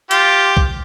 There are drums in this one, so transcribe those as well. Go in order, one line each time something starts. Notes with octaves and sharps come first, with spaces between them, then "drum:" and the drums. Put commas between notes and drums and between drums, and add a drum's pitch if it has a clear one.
F4 G4, drum: hi-hat
drum: kick